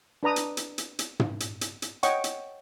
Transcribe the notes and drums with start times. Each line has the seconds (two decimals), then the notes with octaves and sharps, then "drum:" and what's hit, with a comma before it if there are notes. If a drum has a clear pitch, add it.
0.23 D4 B4 A#5 D#6
0.36 drum: hi-hat
0.57 drum: hi-hat
0.78 drum: hi-hat
0.99 drum: hi-hat
1.20 drum: tom
1.40 drum: hi-hat
1.61 drum: hi-hat
1.82 drum: hi-hat
2.03 C#5 D#5 F#5 G5 C#6, drum: hi-hat
2.24 drum: hi-hat